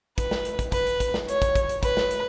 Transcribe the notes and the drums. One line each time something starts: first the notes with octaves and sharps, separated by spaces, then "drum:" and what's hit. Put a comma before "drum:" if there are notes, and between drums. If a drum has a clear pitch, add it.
B4, drum: kick, hi-hat
drum: snare
drum: hi-hat
drum: kick, hi-hat
B4, drum: kick, hi-hat
drum: hi-hat
drum: kick, hi-hat
drum: snare
C#5, drum: hi-hat
drum: kick, hi-hat
drum: kick, hi-hat
drum: hi-hat
B4, drum: kick, hi-hat
drum: snare
drum: hi-hat